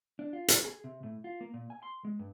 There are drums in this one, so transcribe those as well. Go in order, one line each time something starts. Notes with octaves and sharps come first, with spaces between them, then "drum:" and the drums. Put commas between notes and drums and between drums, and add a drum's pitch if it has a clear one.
D4
F4
drum: hi-hat
G#4
C3
A2
F4
A#3
A#2
G#5
C6
G#3
G2